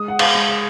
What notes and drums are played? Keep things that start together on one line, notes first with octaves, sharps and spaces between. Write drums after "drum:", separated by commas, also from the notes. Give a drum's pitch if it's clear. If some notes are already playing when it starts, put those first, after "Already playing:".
Already playing: G#3 D#6
F#5
F5, drum: cymbal
G#3
F5